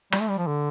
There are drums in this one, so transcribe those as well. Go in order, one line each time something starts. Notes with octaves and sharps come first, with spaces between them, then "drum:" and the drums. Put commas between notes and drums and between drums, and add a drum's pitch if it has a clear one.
G3, drum: rim click
A3
G3
F3
D3